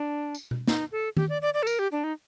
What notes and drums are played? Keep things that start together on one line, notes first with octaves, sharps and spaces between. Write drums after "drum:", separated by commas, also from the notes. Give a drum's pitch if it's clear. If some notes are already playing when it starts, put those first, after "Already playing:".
Already playing: D4
drum: tambourine
drum: tom B2
D#4, drum: snare
A4
G4, drum: tom D#3
D5
D5
D5
A4
A#4, drum: tambourine
G4
D4
D#4